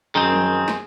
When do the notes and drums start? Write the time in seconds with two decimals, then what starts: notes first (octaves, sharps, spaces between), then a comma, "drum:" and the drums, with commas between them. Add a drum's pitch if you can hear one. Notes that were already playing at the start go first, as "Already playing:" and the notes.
0.15 F#2 D#3 C4 G#4
0.33 drum: tom F3
0.68 drum: snare